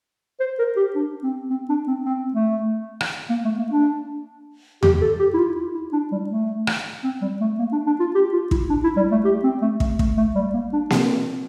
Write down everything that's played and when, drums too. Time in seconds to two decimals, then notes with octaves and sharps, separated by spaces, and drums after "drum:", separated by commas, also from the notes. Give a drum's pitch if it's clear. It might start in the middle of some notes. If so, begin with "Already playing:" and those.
0.40 C5
0.59 A#4
0.77 G4
0.95 D4
1.23 C4
1.50 C4
1.69 D4
1.87 C4
2.05 C4
2.34 A3
3.01 drum: rim click
3.30 A#3
3.45 A3
3.58 A#3
3.72 D4
4.83 G4, drum: tom E2
5.02 A4
5.20 G4
5.34 E4
5.38 F4
5.56 E4
5.74 E4
5.93 D4
6.12 G3
6.30 A3
6.67 drum: rim click
7.04 C4
7.22 G3
7.41 A3
7.59 A#3
7.72 D4
7.87 D4
8.00 F4
8.15 G4
8.33 F4
8.51 E4, drum: kick
8.70 D4
8.84 E4
8.97 G3
9.12 A3
9.25 G4
9.43 C4
9.62 A3
9.80 A3, drum: kick
9.99 A3, drum: kick
10.17 A3
10.35 G3
10.54 A#3
10.73 D4
10.90 C4, drum: snare A#3